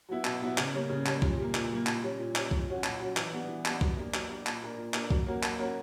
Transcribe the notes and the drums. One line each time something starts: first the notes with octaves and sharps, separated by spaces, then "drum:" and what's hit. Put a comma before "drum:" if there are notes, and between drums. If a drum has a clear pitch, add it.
F#3 B3 E4
B2, drum: clap
F#3 B3 E4
C#3, drum: clap
G3 A#3 C#4
C#3
G3 A#3 C#4, drum: clap
A#2, drum: kick
G3 A#3
A#2, drum: clap
G3 A#3
A#2, drum: clap
G3 C#4
A#2
G3 C#4, drum: clap
A#2, drum: kick
F#3 C#4 F#4
A#2, drum: clap
F#3 C#4 F#4
E3, drum: clap
G3 B3 D4
E3
G3 B3 D4, drum: clap
F#3, drum: kick
A#3 D4 G4
F#3, drum: clap
A#3 D4 G4
A#2, drum: clap
A#3 D4 A#4
A#2
A#3 D4 A#4, drum: clap
F#3, drum: kick
A#3 C#4 F#4 A#4
F#3, drum: clap
A#3 C#4 F#4 A#4